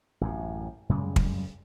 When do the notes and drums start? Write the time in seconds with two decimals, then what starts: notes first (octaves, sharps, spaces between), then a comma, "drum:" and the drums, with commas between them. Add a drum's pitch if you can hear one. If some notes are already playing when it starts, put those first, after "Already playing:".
0.21 A1 F#2 A2
0.89 F#2 C#3 G3 G#3
1.16 drum: kick